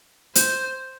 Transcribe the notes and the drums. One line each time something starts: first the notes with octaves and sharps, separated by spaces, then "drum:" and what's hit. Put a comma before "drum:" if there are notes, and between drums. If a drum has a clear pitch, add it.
C5, drum: hi-hat